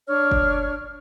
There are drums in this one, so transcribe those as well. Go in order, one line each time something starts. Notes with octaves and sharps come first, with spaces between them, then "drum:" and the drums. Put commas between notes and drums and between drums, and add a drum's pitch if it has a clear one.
D4 C#5 F6
drum: kick F#1